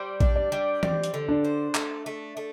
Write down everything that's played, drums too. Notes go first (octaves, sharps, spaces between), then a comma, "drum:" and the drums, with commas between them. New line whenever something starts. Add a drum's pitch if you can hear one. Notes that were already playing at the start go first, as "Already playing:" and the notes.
Already playing: G3 C5
D4, drum: kick A#1
D5
G3
C4 D5, drum: tom E3
drum: hi-hat
D3
D4
C5
A3, drum: clap
A3
A3